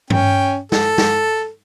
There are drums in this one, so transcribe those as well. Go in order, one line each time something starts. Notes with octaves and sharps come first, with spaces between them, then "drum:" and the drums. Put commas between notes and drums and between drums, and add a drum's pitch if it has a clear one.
C#4 G5, drum: tom G2
A4, drum: snare
drum: snare